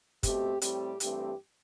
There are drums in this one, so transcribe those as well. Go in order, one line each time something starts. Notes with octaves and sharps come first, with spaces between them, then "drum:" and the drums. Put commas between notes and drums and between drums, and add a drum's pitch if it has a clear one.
B2 A3 C4 G4, drum: kick, hi-hat
A2 G3 C4 G4, drum: hi-hat
G2 E3 A3 C4 G4, drum: hi-hat